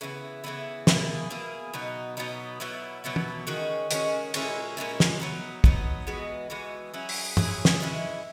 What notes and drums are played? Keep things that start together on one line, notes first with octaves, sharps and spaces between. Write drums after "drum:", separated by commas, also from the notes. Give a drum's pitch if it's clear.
C#3 E3 B3 E4
C#3 E3 B3 E4
B2 A#3 E4 G#4, drum: snare
B2 A#3 E4 G#4
B2 F#3 B3 D#4
B2 F#3 B3 D#4
B2 F#3 B3 E4
B2 F#3 B3 E4
drum: tom
D#3 G#3 C#4 F#4
D#3 G#3 C#4 F#4, drum: hi-hat
A#2 G#3 C#4 E4, drum: cymbal
A#2 G#3 C#4 E4
drum: snare
F#3 B3 D#4
F#3 B3 D#4, drum: kick
E3 G#3 B3 F#4
E3 G#3 B3 F#4
F#3 C#4 E4 G#4
drum: open hi-hat
F#3 C#4 E4 G#4, drum: tom
drum: snare
E3 G#3 C#4 E4